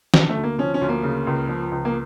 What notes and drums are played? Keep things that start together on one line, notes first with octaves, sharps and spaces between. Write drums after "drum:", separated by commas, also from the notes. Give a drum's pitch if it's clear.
D3 D4, drum: snare
A3
D2
A#3
F3 C#4
C#4
D2
A#3
C#3
C#2
F3
C#2
A#3